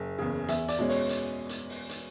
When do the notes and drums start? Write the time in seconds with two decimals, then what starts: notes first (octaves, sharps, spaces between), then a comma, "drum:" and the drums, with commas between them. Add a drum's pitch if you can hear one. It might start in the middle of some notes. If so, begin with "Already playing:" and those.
Already playing: F#1
0.18 E2 C#3
0.48 E2 E5, drum: hi-hat
0.68 D5, drum: hi-hat
0.79 B2 G#3 C#4
0.89 C#5, drum: open hi-hat
1.09 drum: hi-hat
1.49 drum: hi-hat
1.69 drum: open hi-hat
1.89 drum: hi-hat